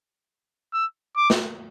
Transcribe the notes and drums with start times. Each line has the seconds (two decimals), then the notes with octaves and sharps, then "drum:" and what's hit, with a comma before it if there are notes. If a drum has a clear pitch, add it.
0.73 E6
1.16 D6
1.30 drum: snare